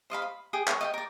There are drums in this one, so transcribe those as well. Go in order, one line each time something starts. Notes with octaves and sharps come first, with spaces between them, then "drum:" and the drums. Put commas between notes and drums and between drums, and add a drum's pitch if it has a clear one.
C5 D#5 F5 B5
B5
G#4 G5 D#6
C#5 F#5, drum: clap
D#5 F5 G5
A#4 D5